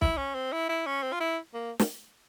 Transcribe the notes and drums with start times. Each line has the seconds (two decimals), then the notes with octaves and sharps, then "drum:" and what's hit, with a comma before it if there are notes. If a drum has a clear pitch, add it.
0.02 E4, drum: kick
0.17 C#4
0.35 C4
0.52 E4
0.69 E4
0.86 C#4
1.03 C4
1.12 F4
1.20 E4
1.54 A#3
1.80 drum: snare